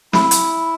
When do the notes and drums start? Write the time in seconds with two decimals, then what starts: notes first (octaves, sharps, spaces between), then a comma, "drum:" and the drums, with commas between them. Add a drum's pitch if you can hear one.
0.13 E4, drum: snare
0.31 drum: hi-hat